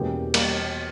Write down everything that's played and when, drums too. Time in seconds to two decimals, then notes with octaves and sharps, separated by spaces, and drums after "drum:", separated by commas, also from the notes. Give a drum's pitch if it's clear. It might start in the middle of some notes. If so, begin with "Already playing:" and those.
Already playing: E2 B2 E3 G#3 A#3 C#4 G4
0.34 G3 A#3, drum: cymbal